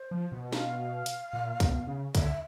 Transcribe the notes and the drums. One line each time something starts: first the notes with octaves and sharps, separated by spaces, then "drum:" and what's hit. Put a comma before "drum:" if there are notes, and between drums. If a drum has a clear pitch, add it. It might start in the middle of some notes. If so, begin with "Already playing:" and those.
Already playing: C5
F3
B2
F5, drum: snare
drum: hi-hat
A#2
B2, drum: kick, hi-hat
C#3
D3 E5, drum: kick, hi-hat